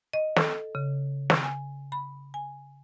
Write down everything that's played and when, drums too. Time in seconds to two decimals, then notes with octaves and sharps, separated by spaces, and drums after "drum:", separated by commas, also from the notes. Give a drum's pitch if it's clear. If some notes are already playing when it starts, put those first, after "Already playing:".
0.13 D#5
0.36 A4, drum: snare
0.75 C#3
1.30 drum: snare
1.44 G#5
1.92 B5
2.34 G#5